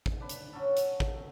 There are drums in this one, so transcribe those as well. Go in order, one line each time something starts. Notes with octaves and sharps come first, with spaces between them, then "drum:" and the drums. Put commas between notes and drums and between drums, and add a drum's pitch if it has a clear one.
drum: kick
D4 B4
drum: hi-hat
F#3 C#4 A4
drum: hi-hat
drum: kick